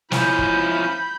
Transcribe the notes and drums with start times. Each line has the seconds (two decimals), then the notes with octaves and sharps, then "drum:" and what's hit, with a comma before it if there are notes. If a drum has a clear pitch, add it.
0.12 F3 C#4 E4 B5 G6, drum: snare
0.38 drum: kick